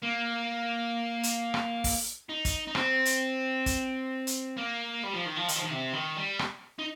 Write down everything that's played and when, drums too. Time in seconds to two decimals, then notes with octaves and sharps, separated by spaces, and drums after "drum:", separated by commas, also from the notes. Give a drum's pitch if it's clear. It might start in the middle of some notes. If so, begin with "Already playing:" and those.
0.02 A#3
1.23 drum: hi-hat
1.54 drum: rim click
1.84 drum: kick, open hi-hat
2.29 D#4
2.45 drum: kick, hi-hat
2.68 D#4
2.75 C4, drum: rim click
3.05 drum: hi-hat
3.66 drum: kick, hi-hat
4.27 drum: hi-hat
4.57 A#3
5.03 G3
5.13 F3
5.26 D#3
5.36 F3
5.48 D#3, drum: hi-hat
5.56 F3
5.62 D#3
5.71 C3
5.93 D#3
6.17 G3
6.39 drum: rim click
6.79 D#4